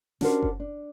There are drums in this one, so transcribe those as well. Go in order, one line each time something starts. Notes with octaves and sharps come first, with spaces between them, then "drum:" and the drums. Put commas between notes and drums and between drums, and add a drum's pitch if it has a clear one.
C#4 D4 F#4 G4 A#4 C5, drum: snare
drum: kick F#1
D4